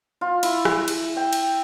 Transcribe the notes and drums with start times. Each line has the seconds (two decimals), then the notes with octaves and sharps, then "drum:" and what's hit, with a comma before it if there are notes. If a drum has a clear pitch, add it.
0.21 F4
0.43 E4, drum: cymbal
0.65 drum: rim click
0.88 drum: cymbal
1.16 G5
1.33 drum: cymbal